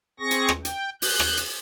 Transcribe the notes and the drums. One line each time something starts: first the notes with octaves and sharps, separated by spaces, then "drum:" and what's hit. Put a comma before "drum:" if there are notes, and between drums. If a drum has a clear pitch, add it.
C4 G#4 C#6 A#6
drum: hi-hat
drum: rim click
G5, drum: hi-hat
F#6 G6, drum: open hi-hat
drum: rim click
drum: hi-hat